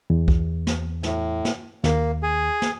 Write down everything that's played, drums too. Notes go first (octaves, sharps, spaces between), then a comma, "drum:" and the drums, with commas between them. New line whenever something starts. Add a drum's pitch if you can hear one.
E2
drum: kick
drum: snare
A2, drum: snare
drum: snare
D#2 A#3, drum: snare
G#4
drum: snare